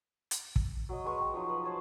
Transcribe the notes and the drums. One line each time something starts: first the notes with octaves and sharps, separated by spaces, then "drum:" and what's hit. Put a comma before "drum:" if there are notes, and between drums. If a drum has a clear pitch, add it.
drum: hi-hat
drum: kick
F#3 D#5
G#3 B4 C#6
G5 A#5
F3 F#3 D#4
B4
C5 C#5 A5